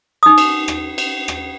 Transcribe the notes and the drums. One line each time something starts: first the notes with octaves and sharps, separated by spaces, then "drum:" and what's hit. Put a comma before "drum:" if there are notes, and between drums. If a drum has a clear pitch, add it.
D#4 D#6
drum: cymbal
drum: rim click
drum: cymbal
drum: rim click